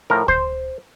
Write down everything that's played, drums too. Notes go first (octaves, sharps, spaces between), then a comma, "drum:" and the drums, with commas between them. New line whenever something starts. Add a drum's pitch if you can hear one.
A2 F3 A#4
C5, drum: kick D2